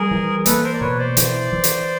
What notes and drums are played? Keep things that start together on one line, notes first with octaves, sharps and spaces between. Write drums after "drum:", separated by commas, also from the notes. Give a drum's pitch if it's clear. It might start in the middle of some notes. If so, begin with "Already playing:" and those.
Already playing: G3 G#4 A#4
E3
A#3 A4 B4, drum: hi-hat
A#4 C5
D5
B2 B4 C#5
C5 D5
E3, drum: hi-hat
E3
drum: hi-hat